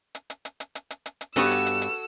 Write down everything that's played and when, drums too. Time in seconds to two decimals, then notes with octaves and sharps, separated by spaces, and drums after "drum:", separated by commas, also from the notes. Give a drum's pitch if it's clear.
0.15 drum: hi-hat
0.30 drum: hi-hat
0.45 drum: hi-hat
0.60 drum: hi-hat
0.75 drum: hi-hat
0.90 drum: hi-hat
1.06 drum: hi-hat
1.21 drum: hi-hat
1.36 G2 B3 F#4 G4 A4 C#5 E6, drum: hi-hat
1.51 drum: hi-hat
1.66 drum: hi-hat
1.81 drum: hi-hat